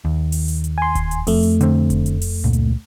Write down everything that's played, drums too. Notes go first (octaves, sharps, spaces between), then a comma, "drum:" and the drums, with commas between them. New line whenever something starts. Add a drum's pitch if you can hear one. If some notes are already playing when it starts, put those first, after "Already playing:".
D#2
drum: open hi-hat
drum: hi-hat
drum: hi-hat
G#5 C6
drum: kick E1, hi-hat
drum: hi-hat
F2 A3, drum: open hi-hat
drum: hi-hat
D3 C4, drum: hi-hat
drum: kick E1, hi-hat
drum: hi-hat
drum: open hi-hat
C#2 A#2
drum: hi-hat